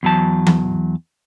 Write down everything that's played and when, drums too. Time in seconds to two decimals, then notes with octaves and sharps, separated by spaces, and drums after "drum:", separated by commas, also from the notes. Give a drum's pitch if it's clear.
0.03 E2 F#3 A5
0.47 drum: tom E3